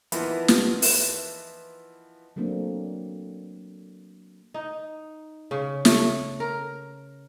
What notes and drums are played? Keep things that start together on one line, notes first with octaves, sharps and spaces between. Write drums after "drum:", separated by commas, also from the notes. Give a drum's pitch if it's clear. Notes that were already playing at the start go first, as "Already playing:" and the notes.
E3 F3 A#3 B3 D#4 E4, drum: hi-hat
drum: snare
drum: open hi-hat
F#3 A3 A#3 C4 D4
D#4
C#3
A3, drum: snare
A#4